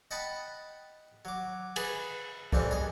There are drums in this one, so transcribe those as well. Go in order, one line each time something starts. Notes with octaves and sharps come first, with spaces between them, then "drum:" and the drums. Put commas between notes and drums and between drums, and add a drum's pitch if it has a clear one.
D#5 F#5 G5 A5 B5
F#3 D6
G#4 B4, drum: cymbal
F2 A#2 E3 G3 C4 D4, drum: kick C2
G#4 D#5